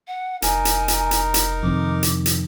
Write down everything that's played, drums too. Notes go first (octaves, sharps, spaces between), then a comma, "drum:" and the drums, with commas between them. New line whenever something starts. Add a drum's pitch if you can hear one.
F#5
F1 D#4 A#4 G#5, drum: hi-hat
drum: hi-hat
drum: hi-hat
drum: hi-hat
drum: hi-hat
F2 C3 D#3 D6
drum: hi-hat
drum: hi-hat